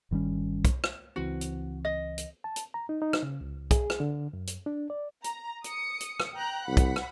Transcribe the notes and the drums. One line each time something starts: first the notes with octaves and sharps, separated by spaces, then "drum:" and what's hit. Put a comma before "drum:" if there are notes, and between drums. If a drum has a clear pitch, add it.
G1 D#3 G3 C#4
drum: kick, hi-hat
drum: rim click
C#2 E3 C4 F#4
drum: hi-hat
D#5
drum: hi-hat
A5
drum: hi-hat
A#5
D#4
D#4
drum: rim click
C#3
C#2
G#4, drum: kick, hi-hat
drum: rim click
D3
F#2
drum: hi-hat
D4
D5
A#5, drum: hi-hat
D#6 C#7, drum: hi-hat
drum: hi-hat
drum: rim click
G5 A#5 F#6
C2 F#5 B5
drum: kick, hi-hat
drum: rim click